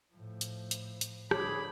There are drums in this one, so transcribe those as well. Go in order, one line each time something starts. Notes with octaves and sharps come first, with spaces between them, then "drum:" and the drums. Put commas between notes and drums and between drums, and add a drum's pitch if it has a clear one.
A2 F3
drum: hi-hat
drum: hi-hat
drum: hi-hat
D3 F3 G#4 C#5 B5 D6, drum: rim click